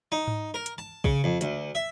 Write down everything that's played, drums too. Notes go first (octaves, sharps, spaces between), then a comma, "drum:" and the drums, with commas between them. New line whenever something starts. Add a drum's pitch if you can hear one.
D#4
drum: tom G#2
A#4
drum: hi-hat
A5
C#3, drum: kick A#1
F2
D2, drum: hi-hat
E5